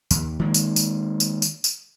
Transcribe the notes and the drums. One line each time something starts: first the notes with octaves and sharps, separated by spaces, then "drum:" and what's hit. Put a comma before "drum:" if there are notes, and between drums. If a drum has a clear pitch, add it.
D#2, drum: tambourine
D#3 G#3 A#3
drum: tambourine
drum: tambourine
drum: tambourine
drum: tambourine
drum: tambourine